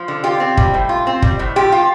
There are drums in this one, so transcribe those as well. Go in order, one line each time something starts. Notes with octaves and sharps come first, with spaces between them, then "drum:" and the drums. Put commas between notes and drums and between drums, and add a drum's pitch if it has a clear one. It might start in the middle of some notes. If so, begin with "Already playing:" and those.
Already playing: F3
D3
F4 G4
C4
G3, drum: kick
A2
F4
C4
G3, drum: kick
A2
F3 G4
F4